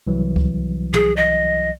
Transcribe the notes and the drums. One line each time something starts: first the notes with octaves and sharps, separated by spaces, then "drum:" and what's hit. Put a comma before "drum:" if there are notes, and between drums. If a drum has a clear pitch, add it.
C2 E3 F#3
drum: kick C#2
G#4, drum: tom
D#5